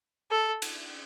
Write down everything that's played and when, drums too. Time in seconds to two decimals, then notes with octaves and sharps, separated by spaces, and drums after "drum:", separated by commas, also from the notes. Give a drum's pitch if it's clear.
0.31 A4
0.62 drum: cymbal